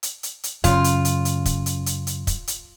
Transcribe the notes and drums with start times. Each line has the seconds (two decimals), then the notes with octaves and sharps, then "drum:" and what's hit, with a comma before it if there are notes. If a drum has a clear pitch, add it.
0.03 drum: hi-hat
0.23 drum: hi-hat
0.43 drum: hi-hat
0.64 F#2 C#3 C4 C#4 F4, drum: kick, hi-hat
0.84 drum: hi-hat
1.05 drum: hi-hat
1.25 drum: hi-hat
1.45 drum: kick, hi-hat
1.66 drum: hi-hat
1.86 drum: hi-hat
2.07 drum: hi-hat
2.27 drum: kick, hi-hat
2.47 drum: hi-hat